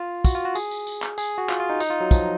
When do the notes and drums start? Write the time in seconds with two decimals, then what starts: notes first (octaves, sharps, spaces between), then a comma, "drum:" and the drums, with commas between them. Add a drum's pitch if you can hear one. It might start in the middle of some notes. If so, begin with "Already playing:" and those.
Already playing: F4
0.25 F#4, drum: kick, tambourine
0.35 F4
0.45 F#4
0.55 G#4, drum: tambourine
0.71 drum: tambourine
0.87 drum: tambourine
1.02 drum: clap
1.18 G#4, drum: tambourine
1.38 F#4
1.49 F4, drum: clap
1.60 F4
1.70 D#4
1.80 D#4, drum: tambourine
1.90 F4
2.01 F#3
2.11 F3, drum: kick, tambourine